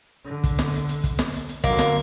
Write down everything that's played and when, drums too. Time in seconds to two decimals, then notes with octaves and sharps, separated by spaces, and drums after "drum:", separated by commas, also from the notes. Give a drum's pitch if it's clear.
0.25 D3
0.44 drum: kick, hi-hat
0.59 drum: snare
0.74 drum: hi-hat
0.89 drum: hi-hat
1.04 drum: kick, hi-hat
1.19 drum: snare
1.34 drum: hi-hat
1.49 drum: hi-hat
1.64 D3 F#3 A#3, drum: kick, hi-hat
1.79 drum: snare